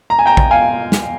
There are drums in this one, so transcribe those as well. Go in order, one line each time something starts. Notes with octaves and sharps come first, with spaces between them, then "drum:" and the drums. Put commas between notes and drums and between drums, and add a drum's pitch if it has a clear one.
A#5
G#5
G5 A#5
drum: kick
F5 G#5
drum: snare